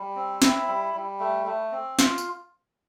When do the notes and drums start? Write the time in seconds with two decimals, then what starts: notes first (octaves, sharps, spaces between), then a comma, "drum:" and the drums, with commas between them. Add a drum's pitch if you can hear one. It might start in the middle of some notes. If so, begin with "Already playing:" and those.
Already playing: G3
0.16 C4
0.42 E4, drum: snare
0.68 G3
0.95 G3
1.20 A3
1.46 A3
1.72 C4
1.99 F4, drum: snare
2.18 drum: tambourine